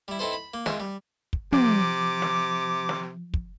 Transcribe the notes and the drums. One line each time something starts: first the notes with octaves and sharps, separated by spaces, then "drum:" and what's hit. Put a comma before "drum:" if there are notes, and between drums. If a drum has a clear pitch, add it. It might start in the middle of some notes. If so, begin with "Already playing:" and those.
G3 E4
C4 D#4 E4 A4 B4 C5
B5
A#3
G#3 F4 A#4 E5, drum: snare
G3
drum: kick
C3 F3 D6, drum: tom
drum: snare
drum: snare
drum: kick